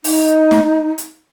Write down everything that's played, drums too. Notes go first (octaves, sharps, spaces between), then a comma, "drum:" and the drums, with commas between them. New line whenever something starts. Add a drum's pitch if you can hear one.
D#4, drum: open hi-hat
drum: snare
drum: hi-hat